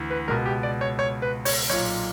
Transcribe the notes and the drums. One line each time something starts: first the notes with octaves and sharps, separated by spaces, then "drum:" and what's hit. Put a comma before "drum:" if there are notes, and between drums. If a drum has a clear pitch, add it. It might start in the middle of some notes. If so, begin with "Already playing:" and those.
Already playing: D2 E3
B4
C#2 B2 A#4
G4
D5
C#5
C#5
B4
C#5, drum: open hi-hat
B1 A#2 C#5